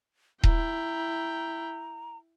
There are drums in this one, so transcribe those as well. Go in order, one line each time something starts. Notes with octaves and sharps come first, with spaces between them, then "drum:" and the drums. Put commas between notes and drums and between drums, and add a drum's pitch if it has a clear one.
E4 G5 A#5, drum: kick D#1